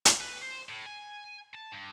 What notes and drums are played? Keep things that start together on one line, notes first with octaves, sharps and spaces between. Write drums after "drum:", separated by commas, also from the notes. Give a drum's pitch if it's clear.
drum: hi-hat
B4
C5
A2
G#5
A5
G2